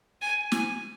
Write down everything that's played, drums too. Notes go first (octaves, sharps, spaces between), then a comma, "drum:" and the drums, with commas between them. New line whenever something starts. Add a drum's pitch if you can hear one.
G#5
G#5, drum: snare